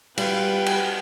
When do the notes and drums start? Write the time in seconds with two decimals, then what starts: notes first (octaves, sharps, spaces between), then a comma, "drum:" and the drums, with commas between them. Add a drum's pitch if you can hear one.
0.18 G3 F4 B4 G5, drum: cymbal
0.66 drum: cymbal